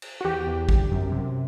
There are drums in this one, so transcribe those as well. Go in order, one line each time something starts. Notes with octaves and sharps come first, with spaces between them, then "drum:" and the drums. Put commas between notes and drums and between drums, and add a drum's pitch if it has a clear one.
drum: cymbal
F#4
E2 G4
E2
G1, drum: kick
F#2
C3